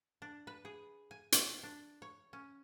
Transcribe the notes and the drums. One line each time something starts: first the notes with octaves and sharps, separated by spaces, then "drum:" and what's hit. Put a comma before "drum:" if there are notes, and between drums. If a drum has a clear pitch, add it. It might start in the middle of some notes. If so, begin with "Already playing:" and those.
D4
B4
G#4
G#5
drum: hi-hat
D4
C#5
C#4